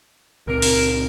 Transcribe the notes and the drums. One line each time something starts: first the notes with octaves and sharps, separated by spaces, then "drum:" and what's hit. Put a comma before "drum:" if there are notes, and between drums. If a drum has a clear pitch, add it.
C#2 A#2 C4 A#4
drum: open hi-hat